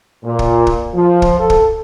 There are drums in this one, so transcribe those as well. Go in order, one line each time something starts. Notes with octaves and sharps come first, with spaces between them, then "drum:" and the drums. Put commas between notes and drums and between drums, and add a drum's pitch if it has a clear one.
A#2
drum: kick
drum: kick
F3
drum: kick
A4
drum: kick